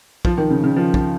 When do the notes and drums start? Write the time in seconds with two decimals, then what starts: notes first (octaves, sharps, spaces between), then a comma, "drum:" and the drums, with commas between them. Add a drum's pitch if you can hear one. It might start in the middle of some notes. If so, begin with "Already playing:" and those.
0.25 F3, drum: kick
0.38 D#3
0.50 C#3
0.64 C#3
0.76 F3
0.94 F3, drum: kick